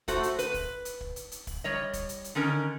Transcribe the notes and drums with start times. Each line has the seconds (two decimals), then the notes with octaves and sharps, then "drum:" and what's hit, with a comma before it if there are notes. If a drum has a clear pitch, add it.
0.08 A3 F#4 C5, drum: kick, hi-hat
0.23 drum: hi-hat
0.39 B4, drum: hi-hat
0.54 drum: kick, open hi-hat
0.85 drum: hi-hat
1.01 drum: kick
1.16 drum: hi-hat
1.32 drum: hi-hat
1.47 drum: kick, open hi-hat
1.64 G3 C#5 D#5
1.93 drum: kick, hi-hat
2.09 drum: hi-hat
2.24 drum: hi-hat
2.35 D3 D#3 C#4 A#4